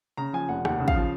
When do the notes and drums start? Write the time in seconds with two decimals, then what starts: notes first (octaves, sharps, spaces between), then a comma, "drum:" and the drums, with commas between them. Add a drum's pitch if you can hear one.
0.17 C#3 A#5
0.33 F3 G#5
0.49 F1 F#5
0.65 D#2 F#5, drum: rim click
0.80 C#3
0.88 F5, drum: kick
0.95 F3